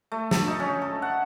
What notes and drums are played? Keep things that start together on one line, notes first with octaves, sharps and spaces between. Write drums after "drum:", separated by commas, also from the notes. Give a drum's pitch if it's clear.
A3
A4, drum: snare
D#4
C#4
A4
F#5